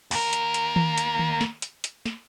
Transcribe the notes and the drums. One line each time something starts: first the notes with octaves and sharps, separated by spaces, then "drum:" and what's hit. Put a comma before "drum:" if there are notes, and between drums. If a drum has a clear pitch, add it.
D#2 A#4, drum: open hi-hat
drum: hi-hat
drum: hi-hat
drum: tom D#3
drum: hi-hat
drum: tom D#3
drum: snare
drum: hi-hat
drum: hi-hat
drum: snare